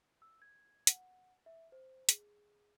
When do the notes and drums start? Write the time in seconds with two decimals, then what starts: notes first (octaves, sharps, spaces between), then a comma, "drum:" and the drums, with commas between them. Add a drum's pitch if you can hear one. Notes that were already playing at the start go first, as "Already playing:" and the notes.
0.22 E6
0.42 G#6
0.87 F#5, drum: hi-hat
1.46 E5
1.72 C5
2.09 G#4, drum: hi-hat